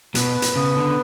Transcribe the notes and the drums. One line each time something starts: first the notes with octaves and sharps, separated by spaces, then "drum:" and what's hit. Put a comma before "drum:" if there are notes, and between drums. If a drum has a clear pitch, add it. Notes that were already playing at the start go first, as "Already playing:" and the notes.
B2 B4, drum: hi-hat
drum: hi-hat
C#3 B3
D3